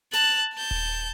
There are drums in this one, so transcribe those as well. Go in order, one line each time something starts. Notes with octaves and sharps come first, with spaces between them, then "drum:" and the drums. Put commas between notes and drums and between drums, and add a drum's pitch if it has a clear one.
A5 F#6, drum: snare
A5 G6
drum: kick D#1